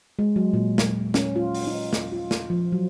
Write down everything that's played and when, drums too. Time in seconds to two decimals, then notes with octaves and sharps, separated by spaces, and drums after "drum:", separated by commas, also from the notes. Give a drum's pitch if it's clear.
0.19 G#3
0.36 F#3
0.53 A#2
0.78 drum: snare
1.14 C#4, drum: snare
1.36 F4
1.55 drum: open hi-hat
1.67 D#4
1.93 drum: snare
2.12 F4
2.31 drum: snare
2.50 F3
2.72 F#3